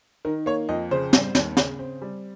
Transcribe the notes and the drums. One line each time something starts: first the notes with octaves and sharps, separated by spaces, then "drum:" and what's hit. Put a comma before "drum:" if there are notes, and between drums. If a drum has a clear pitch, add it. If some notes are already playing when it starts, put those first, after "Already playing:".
D#3 A#4
A#3 C#5
F2 D#5
C#3 C5
G3, drum: snare
D#2, drum: snare
C#3, drum: snare
C4
G3